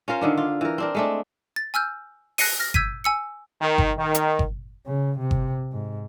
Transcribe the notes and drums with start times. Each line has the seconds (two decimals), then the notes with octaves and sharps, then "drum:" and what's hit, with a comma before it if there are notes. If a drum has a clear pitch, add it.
0.08 C#4 F4 A#4 C5
0.21 D3 D#3 D4
0.38 F4
0.61 E3 A#4
0.78 C4 D4 A#4
0.95 G#3 A3 D4
1.56 A6
1.74 G#5 E6 F6 G6
2.38 F#6 A#6 C7 C#7 D#7, drum: open hi-hat
2.59 F6 A#6
2.74 E6 G6 G#6 B6 D#7, drum: kick G1
3.04 G#5 E6 C#7
3.61 D#3
3.78 drum: kick G1
3.98 D#3
4.14 drum: hi-hat
4.39 drum: kick G1
4.86 C#3
5.19 C3
5.31 drum: kick G1
5.72 G#2